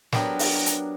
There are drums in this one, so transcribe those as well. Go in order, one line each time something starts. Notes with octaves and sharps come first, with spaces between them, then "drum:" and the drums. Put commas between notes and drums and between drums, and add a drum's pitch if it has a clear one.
F#3 B3 D4 G4 A#4, drum: snare
drum: open hi-hat
drum: hi-hat